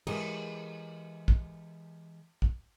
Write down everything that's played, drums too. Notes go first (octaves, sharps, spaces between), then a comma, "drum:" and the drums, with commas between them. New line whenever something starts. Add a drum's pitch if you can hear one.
E3 G#3 G4 G#4 A#4 D#5, drum: cymbal
drum: kick
drum: kick